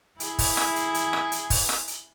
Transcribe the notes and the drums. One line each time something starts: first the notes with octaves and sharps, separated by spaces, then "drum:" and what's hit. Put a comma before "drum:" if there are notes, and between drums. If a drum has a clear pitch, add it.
E4 G#4, drum: hi-hat
drum: kick, open hi-hat
drum: rim click
drum: hi-hat
drum: hi-hat
drum: rim click
drum: hi-hat
drum: kick, open hi-hat
drum: rim click
drum: hi-hat